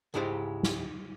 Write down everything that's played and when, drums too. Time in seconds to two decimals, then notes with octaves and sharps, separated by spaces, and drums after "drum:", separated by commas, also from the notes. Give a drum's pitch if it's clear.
0.14 C#2 G#2 G#3 E4 G4 C5
0.63 drum: snare